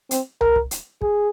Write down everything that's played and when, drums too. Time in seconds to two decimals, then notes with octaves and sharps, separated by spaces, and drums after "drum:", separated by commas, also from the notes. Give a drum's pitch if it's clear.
0.11 C4, drum: hi-hat
0.41 A#4, drum: tom C2
0.56 drum: kick
0.71 drum: hi-hat
1.02 G#4, drum: kick